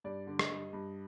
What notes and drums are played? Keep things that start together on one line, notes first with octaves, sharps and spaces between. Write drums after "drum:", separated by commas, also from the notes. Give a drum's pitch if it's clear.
G2 D5
D3
D#5, drum: rim click
G2
G2